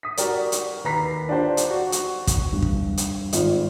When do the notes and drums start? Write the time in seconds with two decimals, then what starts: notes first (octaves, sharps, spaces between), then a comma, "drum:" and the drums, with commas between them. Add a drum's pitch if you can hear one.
0.03 D#6 B6
0.17 F#4 G4 A#4 D5, drum: hi-hat
0.52 drum: hi-hat
0.84 D#2 B4 A#5 B6 C7
1.29 D4 F4 G4 C5
1.57 drum: hi-hat
1.70 F#4
1.92 drum: hi-hat
2.27 drum: kick, hi-hat
2.53 G2
2.62 drum: kick
2.97 drum: hi-hat
3.33 G#1 F4, drum: hi-hat